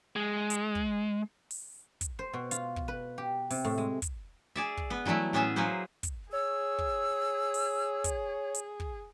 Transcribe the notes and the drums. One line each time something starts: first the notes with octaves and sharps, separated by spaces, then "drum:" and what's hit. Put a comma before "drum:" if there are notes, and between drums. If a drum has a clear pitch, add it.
G#3
drum: hi-hat
drum: kick
drum: open hi-hat
drum: kick, hi-hat
C5
B2
F4, drum: hi-hat
drum: kick
B4
G4
C3, drum: open hi-hat
A2
G#3
drum: kick, hi-hat
G#4 D5 E5
drum: kick
B3 B4
E3 F#3 G3 A3 E4
A2 B3 C#4 G#4 E5
F#3 A#3 G#4 B4 C5
drum: kick, hi-hat
G#4 C#5 E6
drum: kick
drum: open hi-hat
drum: kick, hi-hat
drum: hi-hat
drum: kick